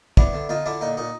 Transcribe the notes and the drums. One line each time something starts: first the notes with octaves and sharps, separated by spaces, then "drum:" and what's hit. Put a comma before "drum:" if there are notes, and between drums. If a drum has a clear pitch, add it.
B3 D4 E4, drum: kick
D3
D3 D#4 F4
D3 D4 E4
A#2 D#4
A#2 D#4